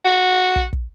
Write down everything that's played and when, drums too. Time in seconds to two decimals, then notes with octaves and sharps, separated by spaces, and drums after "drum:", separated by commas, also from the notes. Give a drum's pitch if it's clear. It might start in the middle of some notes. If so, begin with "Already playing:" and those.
0.05 F#4
0.56 drum: kick
0.73 drum: kick